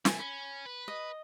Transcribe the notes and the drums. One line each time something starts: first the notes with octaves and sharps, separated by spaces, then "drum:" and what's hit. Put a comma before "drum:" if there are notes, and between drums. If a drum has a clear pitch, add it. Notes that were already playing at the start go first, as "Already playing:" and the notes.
C3 A3 G#5, drum: snare
C#4 B5
B4
D#5